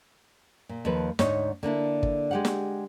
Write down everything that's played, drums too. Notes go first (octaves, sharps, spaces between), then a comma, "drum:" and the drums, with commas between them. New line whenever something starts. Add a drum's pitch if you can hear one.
A#2
D#2 F3 A4 B4
D2 G#2 D#4 C#5, drum: snare
D3 A#3 D4 E4
drum: kick
G#3 G4 F#5
drum: snare